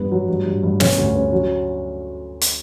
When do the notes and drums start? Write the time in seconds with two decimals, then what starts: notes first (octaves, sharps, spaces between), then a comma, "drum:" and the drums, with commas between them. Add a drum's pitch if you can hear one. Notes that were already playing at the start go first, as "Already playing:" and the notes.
Already playing: G2 B3
0.11 F#3
0.28 G2
0.46 G2
0.63 G2
0.80 C#4, drum: snare
0.98 D2
1.15 C#4
1.32 F#3
2.41 drum: hi-hat